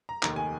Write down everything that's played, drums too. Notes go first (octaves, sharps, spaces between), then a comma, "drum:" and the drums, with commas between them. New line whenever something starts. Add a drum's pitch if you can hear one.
A#5
F1 D#2 D#3 A#5, drum: clap
G#5